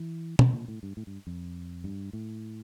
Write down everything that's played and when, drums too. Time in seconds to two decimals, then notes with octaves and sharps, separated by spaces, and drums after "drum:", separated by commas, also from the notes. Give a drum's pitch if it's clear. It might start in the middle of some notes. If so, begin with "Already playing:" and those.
Already playing: E3
0.39 C3, drum: tom
0.53 A#2
0.68 A2
0.83 G2
0.97 A2
1.07 G2
1.27 F2
1.84 G2
2.13 A2